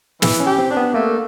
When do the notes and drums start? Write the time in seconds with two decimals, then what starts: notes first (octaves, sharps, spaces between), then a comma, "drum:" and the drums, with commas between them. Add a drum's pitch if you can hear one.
0.22 E3, drum: snare
0.40 C#4
0.46 G4
0.58 C4
0.71 D4
0.77 B3
0.94 A3 A#3